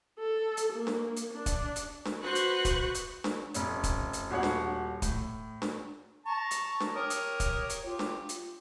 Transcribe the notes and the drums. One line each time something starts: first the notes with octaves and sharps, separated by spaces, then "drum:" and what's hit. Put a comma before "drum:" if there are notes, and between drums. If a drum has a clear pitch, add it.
A4
drum: hi-hat
A#3
drum: snare D4
drum: hi-hat
D4
drum: kick, hi-hat
drum: hi-hat
drum: snare D4
F#4 B4 C5 C#6 F#6
drum: hi-hat
drum: kick, hi-hat
drum: hi-hat
drum: snare D4
F1 C#4, drum: hi-hat
drum: kick, hi-hat
drum: hi-hat
D#1 F#4 C#5 F#5
drum: snare D4
A2, drum: kick, hi-hat
drum: snare D4
A5 A#5 C#6
drum: hi-hat
drum: snare D4
G4 A#4 C#5 D#6
drum: hi-hat
drum: kick, hi-hat
drum: hi-hat
F4 G4
drum: snare D4
drum: hi-hat